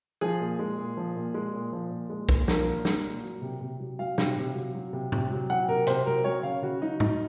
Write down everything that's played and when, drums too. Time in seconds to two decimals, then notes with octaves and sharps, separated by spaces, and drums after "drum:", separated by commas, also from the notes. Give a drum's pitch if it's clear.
0.21 F3 G#4
0.40 A#2
0.59 G#3
0.78 A#2
0.97 F3
1.16 A#2
1.34 G#3
1.54 A#2
1.72 F3
1.91 A#2
2.09 G#3
2.29 A#2, drum: kick B1
2.48 F3 A#4, drum: snare
2.66 A#2
2.85 G#3, drum: snare
3.05 A#2
3.23 F#3
3.42 C3
3.61 C3
3.80 F#3
3.99 F#3 F5
4.18 C3, drum: snare
4.36 C3
4.55 F#3
4.75 F#3
4.93 C3
5.12 C3, drum: tom A2
5.31 F#3
5.49 F#3 F#5
5.68 C3 A#4
5.87 C3 C5, drum: hi-hat
6.06 F#3 A#4
6.24 F#3 C#5
6.43 C#3 F5
6.62 C#3 F#4
6.82 F#3 D#4
7.00 F#3 D#4, drum: tom